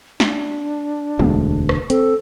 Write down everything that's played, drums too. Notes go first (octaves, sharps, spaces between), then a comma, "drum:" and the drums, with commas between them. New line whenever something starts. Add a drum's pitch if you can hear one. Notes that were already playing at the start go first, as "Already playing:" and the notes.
D4, drum: snare
E1 D2 G#3, drum: tom
drum: rim click
C4 A4, drum: hi-hat